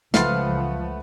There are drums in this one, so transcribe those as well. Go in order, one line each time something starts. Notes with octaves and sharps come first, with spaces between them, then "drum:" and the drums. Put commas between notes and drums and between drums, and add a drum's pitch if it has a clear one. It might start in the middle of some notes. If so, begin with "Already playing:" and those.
C#2 F3 A3 F4 B4 F5 F#5, drum: snare